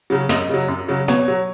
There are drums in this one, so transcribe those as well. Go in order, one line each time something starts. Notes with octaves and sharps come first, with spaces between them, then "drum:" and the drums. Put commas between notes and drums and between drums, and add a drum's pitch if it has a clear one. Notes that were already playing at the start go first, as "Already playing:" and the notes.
C#3 F#3
F#2 D#5, drum: snare
C#3 F#3
F#2
C#3 F#3
B2 C#5, drum: snare
F#3